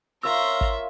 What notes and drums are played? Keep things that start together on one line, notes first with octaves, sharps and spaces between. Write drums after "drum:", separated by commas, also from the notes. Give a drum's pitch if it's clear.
F4 A#4 C#5 E5 A#5 C6 E6
drum: kick